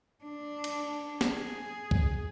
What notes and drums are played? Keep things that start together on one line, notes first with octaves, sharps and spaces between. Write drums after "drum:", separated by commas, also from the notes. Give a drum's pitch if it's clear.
D4
drum: cymbal
G#4, drum: snare
drum: kick